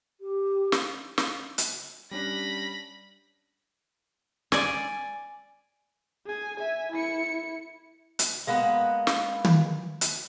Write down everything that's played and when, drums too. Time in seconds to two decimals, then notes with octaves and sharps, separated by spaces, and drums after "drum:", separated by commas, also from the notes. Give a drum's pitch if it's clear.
0.21 G4
0.72 drum: snare
1.18 drum: snare
1.58 drum: hi-hat
2.11 G3 C#4 D4 B5 A#6
4.52 D5 G#5, drum: snare
6.26 G#4 G#5
6.57 E5 G#5
6.92 E4 C#7
8.19 drum: hi-hat
8.47 G#3 A#3 B3 B4
9.07 drum: snare
9.45 drum: tom
10.01 drum: hi-hat